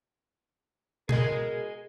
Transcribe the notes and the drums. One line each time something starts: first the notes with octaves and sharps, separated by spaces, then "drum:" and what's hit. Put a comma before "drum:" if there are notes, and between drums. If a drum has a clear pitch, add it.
B3 F#4 G#4 A#4 D#5, drum: tom B2